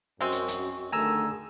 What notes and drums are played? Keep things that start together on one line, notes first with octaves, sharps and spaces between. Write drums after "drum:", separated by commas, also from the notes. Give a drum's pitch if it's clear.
F#2 G#3 C4 F#4
drum: hi-hat
drum: hi-hat
D3 D#3 A3 G#4 G#5 A#5 E6